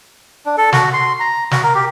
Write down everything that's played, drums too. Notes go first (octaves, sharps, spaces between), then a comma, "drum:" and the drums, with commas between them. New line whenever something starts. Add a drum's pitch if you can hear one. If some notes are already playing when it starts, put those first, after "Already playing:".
D4
A4
F#4, drum: snare
C6
A#5
F#4, drum: snare
A#4
G4